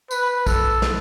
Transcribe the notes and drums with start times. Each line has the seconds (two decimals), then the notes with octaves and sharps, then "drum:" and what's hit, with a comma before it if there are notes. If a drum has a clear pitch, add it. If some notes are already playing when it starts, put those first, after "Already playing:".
0.11 B4, drum: tambourine
0.47 A4, drum: kick A#1, tambourine
0.82 drum: snare